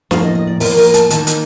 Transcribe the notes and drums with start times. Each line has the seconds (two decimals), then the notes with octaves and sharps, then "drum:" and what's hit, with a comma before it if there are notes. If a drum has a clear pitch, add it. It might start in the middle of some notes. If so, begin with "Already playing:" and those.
0.11 A2 F3 A#3 F5, drum: snare
0.23 D#5
0.35 D#5
0.47 D5
0.60 A2 F3 A#3 A#4, drum: open hi-hat
0.77 A#4, drum: open hi-hat
0.94 A5, drum: hi-hat
1.10 D#3 A#3 D#4 A5, drum: hi-hat
1.27 drum: hi-hat